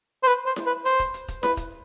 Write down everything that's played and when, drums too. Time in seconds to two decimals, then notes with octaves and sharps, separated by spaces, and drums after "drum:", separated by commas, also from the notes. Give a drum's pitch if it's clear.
0.23 C5
0.27 B4, drum: hi-hat
0.46 C5
0.56 drum: snare E4
0.66 B4
0.85 C5, drum: hi-hat
1.00 drum: kick E1, hi-hat
1.14 drum: hi-hat
1.28 drum: kick E1, hi-hat
1.43 B4, drum: snare E4
1.57 drum: kick E1, hi-hat